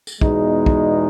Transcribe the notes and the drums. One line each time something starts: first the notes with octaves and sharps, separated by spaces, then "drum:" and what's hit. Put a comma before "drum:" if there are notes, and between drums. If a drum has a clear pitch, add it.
drum: tambourine
E2 B2 G#3 D#4, drum: kick
drum: kick